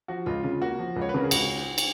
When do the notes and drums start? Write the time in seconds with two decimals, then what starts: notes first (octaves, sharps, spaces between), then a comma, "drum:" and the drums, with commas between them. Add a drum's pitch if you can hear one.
0.08 F3 F#4
0.26 C#2 F4
0.44 C#3 F4
0.61 A#3 F#4
0.79 F3
0.96 C#2
1.01 C#5
1.09 B4
1.14 C#3 A#4
1.24 G#4
1.31 C#2 F#4, drum: cymbal
1.78 drum: cymbal